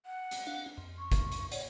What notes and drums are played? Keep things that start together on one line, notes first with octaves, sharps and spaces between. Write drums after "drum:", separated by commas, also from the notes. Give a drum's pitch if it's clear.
F#5
drum: hi-hat
D4 F5
F2
C#6
drum: kick G1, hi-hat
drum: hi-hat
C#5 D5 F#5, drum: hi-hat